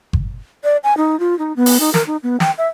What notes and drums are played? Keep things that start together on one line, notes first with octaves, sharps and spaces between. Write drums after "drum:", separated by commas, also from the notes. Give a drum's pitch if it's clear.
drum: kick G1
D5
G#5
D#4
F4
D#4
B3
drum: open hi-hat
D#4
A#4, drum: snare
D#4
B3
G5, drum: snare
E5